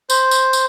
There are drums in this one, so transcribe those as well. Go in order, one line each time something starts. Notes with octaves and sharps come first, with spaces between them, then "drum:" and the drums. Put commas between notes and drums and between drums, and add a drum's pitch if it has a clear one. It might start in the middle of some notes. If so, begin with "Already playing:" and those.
C5, drum: tambourine
drum: tambourine
drum: tambourine